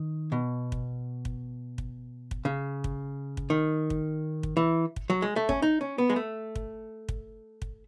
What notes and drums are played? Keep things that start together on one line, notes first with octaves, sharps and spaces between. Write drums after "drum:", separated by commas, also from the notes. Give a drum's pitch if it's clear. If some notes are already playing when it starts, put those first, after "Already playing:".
Already playing: D#3
B2
drum: kick
drum: kick
drum: kick
drum: kick
C#3
drum: kick
drum: kick
D#3
drum: kick
drum: kick
E3
drum: kick
F#3
G#3
A3
C#4, drum: kick
D#4
C#4
B3
G#3
A3
drum: kick
drum: kick
drum: kick